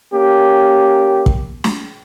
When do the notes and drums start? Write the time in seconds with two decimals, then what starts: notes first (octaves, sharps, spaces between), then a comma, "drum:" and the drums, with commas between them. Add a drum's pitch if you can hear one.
0.12 A#3 C#4 G4
1.26 drum: kick
1.64 drum: snare